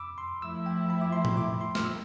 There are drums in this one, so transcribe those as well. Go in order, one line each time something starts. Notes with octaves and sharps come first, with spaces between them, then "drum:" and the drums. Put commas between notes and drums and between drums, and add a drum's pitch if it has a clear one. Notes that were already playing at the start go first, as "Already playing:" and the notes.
Already playing: B5 D6 E6
C6
F3 A3 E4 E6
G5
B5
D6
C6
drum: tom A2
D6
C6
F6, drum: snare
E6